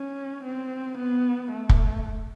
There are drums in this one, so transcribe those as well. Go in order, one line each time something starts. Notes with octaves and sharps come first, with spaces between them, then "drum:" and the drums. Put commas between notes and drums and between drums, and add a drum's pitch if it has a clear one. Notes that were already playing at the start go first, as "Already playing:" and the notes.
Already playing: C#4
C4
B3
A3
drum: kick